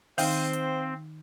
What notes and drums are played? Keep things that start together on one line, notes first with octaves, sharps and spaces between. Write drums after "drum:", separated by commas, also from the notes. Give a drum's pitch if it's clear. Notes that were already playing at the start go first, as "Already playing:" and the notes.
D#3 C4 D#4 C5 F5 G5, drum: open hi-hat
drum: hi-hat